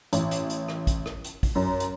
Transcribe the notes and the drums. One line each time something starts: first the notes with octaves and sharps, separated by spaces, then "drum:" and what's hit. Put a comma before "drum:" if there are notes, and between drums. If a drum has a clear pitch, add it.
A1, drum: hi-hat
drum: hi-hat
drum: hi-hat
drum: rim click
drum: kick, hi-hat
drum: rim click
drum: hi-hat
drum: kick, open hi-hat
F#2
drum: hi-hat